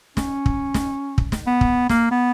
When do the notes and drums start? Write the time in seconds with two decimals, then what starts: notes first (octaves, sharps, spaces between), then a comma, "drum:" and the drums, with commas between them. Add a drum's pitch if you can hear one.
0.17 C#4, drum: snare
0.46 drum: kick
0.74 drum: snare
1.18 drum: kick
1.32 drum: snare
1.47 B3
1.61 drum: kick
1.89 A#3, drum: snare
2.11 B3